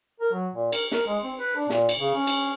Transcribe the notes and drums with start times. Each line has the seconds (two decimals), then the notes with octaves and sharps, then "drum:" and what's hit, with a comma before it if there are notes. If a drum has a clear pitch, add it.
0.20 A#4
0.33 F#3
0.55 A#2
0.72 A#4, drum: cymbal
0.92 A#4, drum: snare
1.07 G#3
1.23 C4
1.39 B4
1.56 D4
1.70 A#2, drum: snare
1.89 drum: cymbal
2.00 C#3
2.14 C#4
2.27 drum: cymbal